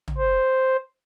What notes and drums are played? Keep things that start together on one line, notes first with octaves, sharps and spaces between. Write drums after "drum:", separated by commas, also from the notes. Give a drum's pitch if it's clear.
drum: tom
C5